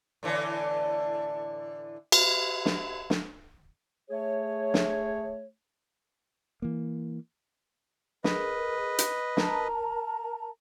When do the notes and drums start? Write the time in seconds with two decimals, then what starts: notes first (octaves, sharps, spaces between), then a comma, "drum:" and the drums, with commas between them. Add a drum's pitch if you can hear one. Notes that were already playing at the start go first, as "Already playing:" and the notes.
0.23 A2 D3 E3
2.12 drum: cymbal
2.66 drum: snare
3.10 drum: snare
4.10 A3 G#4 C#5
4.74 drum: snare
6.62 E3 A#3
8.24 G#4 A#4 B4 D#5, drum: snare
8.99 drum: hi-hat
9.37 A#4 A5 A#5, drum: snare